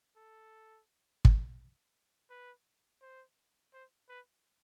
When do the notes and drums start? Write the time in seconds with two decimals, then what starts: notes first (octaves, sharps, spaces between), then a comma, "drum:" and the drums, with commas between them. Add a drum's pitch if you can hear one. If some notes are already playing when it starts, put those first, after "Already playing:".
0.16 A4
1.25 drum: kick
2.30 B4
3.01 C5
3.73 C5
4.09 B4